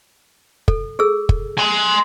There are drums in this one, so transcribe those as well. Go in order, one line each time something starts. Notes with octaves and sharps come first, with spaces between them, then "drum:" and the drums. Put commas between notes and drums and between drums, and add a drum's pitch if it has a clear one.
A4, drum: kick
G#4 A4 E6
drum: kick
G#5 C6